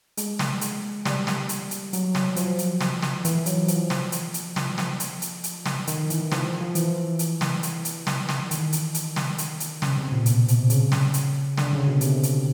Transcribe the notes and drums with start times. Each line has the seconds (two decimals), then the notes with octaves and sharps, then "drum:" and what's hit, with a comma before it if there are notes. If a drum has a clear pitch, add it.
0.17 G#3, drum: hi-hat
0.39 drum: snare
0.61 drum: hi-hat
1.05 G3, drum: snare
1.27 drum: snare
1.49 drum: hi-hat
1.71 drum: hi-hat
1.93 F#3, drum: hi-hat
2.15 drum: snare
2.36 F3, drum: hi-hat
2.59 drum: hi-hat
2.81 drum: snare
3.02 drum: snare
3.25 E3, drum: hi-hat
3.46 F#3, drum: hi-hat
3.68 F3, drum: hi-hat
3.90 drum: snare
4.12 drum: hi-hat
4.34 drum: hi-hat
4.56 F3, drum: snare
4.78 drum: snare
5.00 drum: hi-hat
5.22 drum: hi-hat
5.44 drum: hi-hat
5.66 drum: snare
5.87 D#3, drum: hi-hat
6.10 E3, drum: hi-hat
6.32 F3, drum: snare
6.46 F3
6.61 F3
6.75 E3, drum: hi-hat
7.19 drum: hi-hat
7.41 drum: snare
7.63 drum: hi-hat
7.85 drum: hi-hat
8.07 drum: snare
8.29 drum: snare
8.51 D#3, drum: hi-hat
8.73 drum: hi-hat
8.94 drum: hi-hat
9.16 drum: snare
9.38 drum: hi-hat
9.60 drum: hi-hat
9.82 C#3, drum: snare
9.97 C3
10.11 A#2
10.26 B2, drum: hi-hat
10.48 C3, drum: hi-hat
10.70 C#3, drum: hi-hat
10.92 drum: snare
11.14 drum: hi-hat
11.57 D3, drum: snare
11.73 C#3
11.87 B2
12.01 C3, drum: hi-hat
12.23 drum: hi-hat